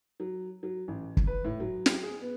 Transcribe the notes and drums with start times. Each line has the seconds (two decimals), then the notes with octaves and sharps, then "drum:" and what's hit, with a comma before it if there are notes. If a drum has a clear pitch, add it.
0.20 F#3
0.63 F#3
0.88 A1
1.17 drum: kick
1.27 B4
1.44 A2
1.60 F#3
1.86 drum: snare
2.03 G#4
2.21 B3